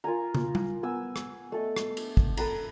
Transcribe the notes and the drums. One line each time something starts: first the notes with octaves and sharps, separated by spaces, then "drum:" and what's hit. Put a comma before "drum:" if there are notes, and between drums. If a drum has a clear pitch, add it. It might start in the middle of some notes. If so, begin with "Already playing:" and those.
F4 A#4 G#5 A#5
drum: tom
drum: tom G3
B3 G#5 E6
drum: rim click
A3 A4 D#5
drum: rim click
drum: cymbal
drum: kick
A4 B4 A#5, drum: cymbal